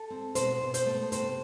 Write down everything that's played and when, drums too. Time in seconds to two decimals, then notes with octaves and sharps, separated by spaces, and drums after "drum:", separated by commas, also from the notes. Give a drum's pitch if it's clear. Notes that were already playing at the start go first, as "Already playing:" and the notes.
Already playing: A4
0.10 C4
0.35 B2 C5, drum: hi-hat
0.61 B2
0.74 C5, drum: hi-hat
0.86 A3
1.12 C3 C5, drum: hi-hat